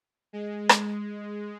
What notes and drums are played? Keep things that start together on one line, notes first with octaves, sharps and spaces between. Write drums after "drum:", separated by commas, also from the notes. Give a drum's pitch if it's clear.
G#3
drum: rim click